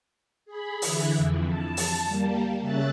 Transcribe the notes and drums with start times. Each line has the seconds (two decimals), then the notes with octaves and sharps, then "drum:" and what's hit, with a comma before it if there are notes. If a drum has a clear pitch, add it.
0.45 G#4 B5
0.82 D3 E3 E4, drum: open hi-hat
1.16 F2
1.47 A5
1.77 drum: open hi-hat
2.05 G3 A#3
2.61 C#3 C#4 E5 F#6 A6